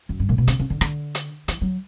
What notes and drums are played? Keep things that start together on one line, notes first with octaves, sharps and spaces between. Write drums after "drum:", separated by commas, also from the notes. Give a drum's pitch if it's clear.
F#2
G2
A#2
B2
C#3, drum: hi-hat
C#3
D3
D3, drum: rim click
drum: hi-hat
E3, drum: hi-hat
F#3